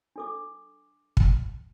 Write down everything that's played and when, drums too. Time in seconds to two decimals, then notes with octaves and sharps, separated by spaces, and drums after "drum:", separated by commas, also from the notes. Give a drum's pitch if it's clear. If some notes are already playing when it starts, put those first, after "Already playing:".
0.16 D4 A4 D6
1.17 drum: kick